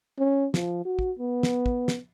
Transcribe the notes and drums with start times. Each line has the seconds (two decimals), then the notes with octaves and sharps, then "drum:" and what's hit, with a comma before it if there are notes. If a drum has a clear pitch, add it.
0.19 C#4
0.54 F3, drum: snare
0.85 F#4
0.99 drum: kick
1.19 B3
1.43 drum: snare
1.66 drum: kick
1.88 drum: snare